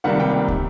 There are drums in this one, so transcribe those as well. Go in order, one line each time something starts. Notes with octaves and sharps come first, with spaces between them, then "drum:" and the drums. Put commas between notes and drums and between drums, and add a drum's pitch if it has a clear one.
C#2 C3 D#3 G3 A#3 F#5
G5
drum: kick